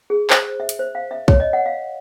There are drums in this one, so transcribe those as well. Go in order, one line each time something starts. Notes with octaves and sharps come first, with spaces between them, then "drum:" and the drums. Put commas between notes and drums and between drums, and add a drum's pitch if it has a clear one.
G#4
C5, drum: clap
E5
drum: hi-hat
C5
F5
E5
C#5, drum: kick
D#5
F#5
F5